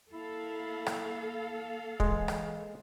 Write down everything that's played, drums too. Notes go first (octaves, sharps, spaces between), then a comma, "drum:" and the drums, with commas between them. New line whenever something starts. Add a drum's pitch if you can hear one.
A#3 E4 A4 F5
drum: rim click
E3 G#3, drum: kick
drum: rim click